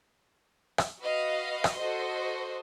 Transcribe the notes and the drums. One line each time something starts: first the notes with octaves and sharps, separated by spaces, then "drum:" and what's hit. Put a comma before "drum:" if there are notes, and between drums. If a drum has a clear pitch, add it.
drum: rim click
F#4 B4 D#5 F5
drum: rim click
F#4 A4 C5 D#5 C6